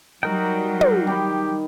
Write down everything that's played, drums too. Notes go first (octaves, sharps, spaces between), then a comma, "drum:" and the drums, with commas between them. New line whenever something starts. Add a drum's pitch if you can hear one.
F#3 G3 D#4 F#4 A#4 G5
drum: tom
D#3 G4 B5